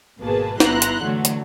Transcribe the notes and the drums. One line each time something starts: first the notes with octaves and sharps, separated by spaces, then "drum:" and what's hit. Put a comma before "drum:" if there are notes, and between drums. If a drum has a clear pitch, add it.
G#1 B2 A#3 G#4 B4 A5
G1 B3 E4 A#5 C6 F#6, drum: snare
drum: hi-hat
D3 E3 F#3 A3
drum: hi-hat